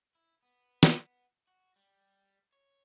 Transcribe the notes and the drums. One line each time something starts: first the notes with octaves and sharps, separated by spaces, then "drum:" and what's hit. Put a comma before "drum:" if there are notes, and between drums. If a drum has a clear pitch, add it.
E4
B3
drum: snare
F#4
G3
C#5